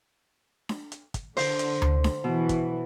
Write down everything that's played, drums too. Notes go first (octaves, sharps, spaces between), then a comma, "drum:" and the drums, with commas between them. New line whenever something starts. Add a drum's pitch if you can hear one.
drum: snare D4
drum: hi-hat
drum: kick, hi-hat
D3 C5, drum: open hi-hat
drum: hi-hat
drum: tom D2
drum: snare D4
B2 E3
drum: kick, hi-hat